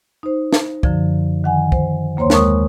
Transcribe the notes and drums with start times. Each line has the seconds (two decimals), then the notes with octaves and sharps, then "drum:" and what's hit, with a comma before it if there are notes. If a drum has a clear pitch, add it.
0.23 D#4 C5
0.53 drum: snare
0.83 F#2 D3 F3, drum: kick
1.44 D#3 F#5 G#5
1.72 C5, drum: kick
2.17 D#2 A#3 C5 C#5 C6
2.30 D#2 G#3 A#4 C#6 D#6, drum: snare